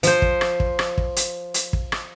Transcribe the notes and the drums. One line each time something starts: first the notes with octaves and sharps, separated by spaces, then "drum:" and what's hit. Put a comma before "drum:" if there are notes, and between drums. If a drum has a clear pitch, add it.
F3 C5, drum: hi-hat
drum: kick
drum: rim click
drum: kick
drum: rim click
drum: kick
drum: hi-hat
drum: hi-hat
drum: kick
drum: rim click